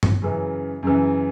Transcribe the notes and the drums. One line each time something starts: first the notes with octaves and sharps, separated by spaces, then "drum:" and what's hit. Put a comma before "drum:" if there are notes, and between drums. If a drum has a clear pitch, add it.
drum: tom G2
F#2 C#3 E3
F#2 C#3 E3